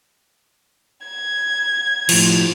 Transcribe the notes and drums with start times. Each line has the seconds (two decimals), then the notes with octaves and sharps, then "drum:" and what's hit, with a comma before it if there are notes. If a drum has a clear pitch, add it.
1.06 G#6
2.09 A2 F3, drum: cymbal